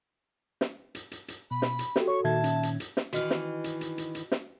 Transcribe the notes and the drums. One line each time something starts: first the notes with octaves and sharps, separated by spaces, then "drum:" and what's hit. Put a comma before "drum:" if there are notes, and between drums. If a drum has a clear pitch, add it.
drum: snare
drum: hi-hat
drum: hi-hat
drum: hi-hat
B2 B5
drum: snare
drum: hi-hat
F#4 G4 A4, drum: snare
C#5 C#6
A#2 D#3 E5 A5 G#6
C#4, drum: hi-hat
drum: hi-hat
drum: hi-hat
drum: snare
D#3 E3 F#4 D#5 F6, drum: hi-hat
drum: snare
drum: hi-hat
drum: hi-hat
drum: hi-hat
drum: hi-hat
drum: snare